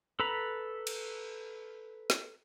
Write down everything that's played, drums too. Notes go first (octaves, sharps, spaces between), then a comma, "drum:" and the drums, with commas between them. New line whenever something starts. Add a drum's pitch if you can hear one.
A4 B4 A#5 B5
drum: cymbal
drum: snare